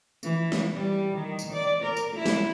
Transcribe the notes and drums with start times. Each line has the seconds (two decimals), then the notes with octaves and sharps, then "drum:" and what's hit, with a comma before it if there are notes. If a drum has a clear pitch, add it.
0.23 E3, drum: tambourine
0.52 drum: snare
0.75 G3
1.15 D#3
1.39 drum: tambourine
1.53 D5
1.83 A#4
1.97 drum: tambourine
2.16 E4
2.26 drum: snare